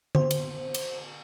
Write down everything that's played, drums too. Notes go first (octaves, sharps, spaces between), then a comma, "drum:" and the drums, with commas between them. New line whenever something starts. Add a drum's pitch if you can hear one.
C5, drum: tom D3
drum: cymbal
drum: cymbal